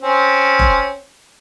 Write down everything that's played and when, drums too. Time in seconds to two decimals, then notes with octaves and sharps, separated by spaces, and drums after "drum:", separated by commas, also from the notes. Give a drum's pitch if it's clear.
0.02 C4 C#4
0.59 drum: kick E1